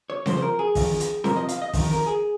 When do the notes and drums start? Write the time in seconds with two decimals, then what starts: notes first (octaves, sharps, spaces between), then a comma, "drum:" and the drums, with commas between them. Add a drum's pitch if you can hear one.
0.10 C#5
0.26 F2 C#3 F3 C5, drum: snare C4
0.37 C5
0.42 A#4
0.59 G#4
0.75 F2 D#3, drum: kick, open hi-hat
1.00 drum: hi-hat
1.24 F2 C3 F3 A#4, drum: snare C4
1.36 D#5
1.49 F5, drum: hi-hat
1.62 D#5
1.73 C3 D#3, drum: kick, open hi-hat
1.79 F2
1.90 A#4
2.06 G#4